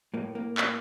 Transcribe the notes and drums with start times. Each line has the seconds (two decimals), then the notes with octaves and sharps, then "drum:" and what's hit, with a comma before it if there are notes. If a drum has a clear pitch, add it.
0.14 A2 A#3
0.35 A#3
0.58 drum: clap